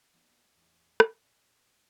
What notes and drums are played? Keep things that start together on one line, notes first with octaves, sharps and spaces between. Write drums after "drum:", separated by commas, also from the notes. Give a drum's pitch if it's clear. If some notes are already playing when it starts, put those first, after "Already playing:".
F#3 G3 A#3 B3 D4 D#4
E2 A2 D#4
drum: rim click
A#2